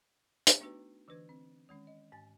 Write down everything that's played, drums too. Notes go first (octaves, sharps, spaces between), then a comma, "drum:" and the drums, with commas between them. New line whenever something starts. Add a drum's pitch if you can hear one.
drum: hi-hat
A3 B3 D4 D#4 F#4 B4
D3 E3 D4 B4 E6 G#6
C4
D#3 G#3 C#4
D#5
G#2 G#5 A6